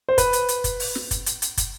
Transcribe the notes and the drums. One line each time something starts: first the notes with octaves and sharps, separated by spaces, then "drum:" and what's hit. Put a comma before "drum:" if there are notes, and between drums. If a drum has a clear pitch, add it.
C5
B4, drum: kick, hi-hat
drum: hi-hat
drum: hi-hat
drum: kick, hi-hat
drum: open hi-hat
drum: snare
drum: kick, hi-hat
drum: hi-hat
drum: hi-hat
drum: kick, hi-hat